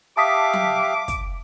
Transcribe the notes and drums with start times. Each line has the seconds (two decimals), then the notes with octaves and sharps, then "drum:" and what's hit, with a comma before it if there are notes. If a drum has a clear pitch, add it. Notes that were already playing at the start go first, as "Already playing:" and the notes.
0.17 G4 E5 F5 A5 D6 D#6 B6
0.53 drum: tom F#3
1.08 drum: kick, hi-hat